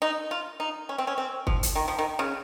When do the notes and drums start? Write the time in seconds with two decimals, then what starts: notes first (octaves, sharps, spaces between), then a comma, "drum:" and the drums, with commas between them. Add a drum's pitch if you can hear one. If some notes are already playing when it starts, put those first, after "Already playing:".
0.02 D#4
0.31 F4
0.60 D#4
0.89 C#4
0.98 C4
1.07 C#4
1.18 C4
1.47 F3, drum: kick
1.63 drum: hi-hat
1.75 D#3
1.88 F3
1.98 D#3
2.19 C#3